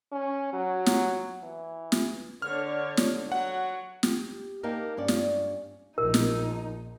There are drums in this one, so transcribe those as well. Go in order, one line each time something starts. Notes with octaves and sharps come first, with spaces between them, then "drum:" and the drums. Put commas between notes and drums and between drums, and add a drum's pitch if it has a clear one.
C#4
F#3
drum: snare
E3
drum: snare
D3 C#5 F6
drum: snare
F#3 F#5
G4, drum: snare
A#3 D#4 G4 A4 A#4
G2 C#4 D5
drum: snare
A#1 D#4 A#4
drum: snare